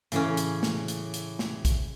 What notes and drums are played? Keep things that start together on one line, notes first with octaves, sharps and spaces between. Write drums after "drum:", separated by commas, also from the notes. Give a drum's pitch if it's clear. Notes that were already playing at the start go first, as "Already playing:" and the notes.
A2 C#3 E3 A3 C#4, drum: hi-hat
drum: hi-hat
drum: snare
drum: hi-hat
drum: hi-hat
drum: snare
drum: kick A#1, hi-hat